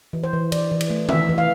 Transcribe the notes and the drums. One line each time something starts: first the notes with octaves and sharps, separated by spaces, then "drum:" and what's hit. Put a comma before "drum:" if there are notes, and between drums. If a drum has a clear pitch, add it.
E3
C5
E3
E3 D5, drum: cymbal
E3
drum: cymbal
A3
E3 E5, drum: tom D#3
E3
F5